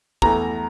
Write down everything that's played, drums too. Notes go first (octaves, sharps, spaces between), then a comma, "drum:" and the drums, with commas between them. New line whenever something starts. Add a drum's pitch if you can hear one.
E2 E3 A3 A#5, drum: kick